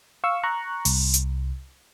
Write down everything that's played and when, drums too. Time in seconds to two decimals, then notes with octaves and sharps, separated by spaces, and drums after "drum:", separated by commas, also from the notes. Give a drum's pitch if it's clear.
0.24 F5 C#6 E6
0.43 A#5 C#6 F#6
0.85 C2, drum: open hi-hat
1.14 drum: hi-hat